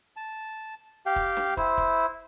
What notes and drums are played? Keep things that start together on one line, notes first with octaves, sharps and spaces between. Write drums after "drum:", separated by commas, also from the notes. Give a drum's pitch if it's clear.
A5
G4 F5 G5
drum: kick
drum: snare
E4 C5, drum: kick
drum: kick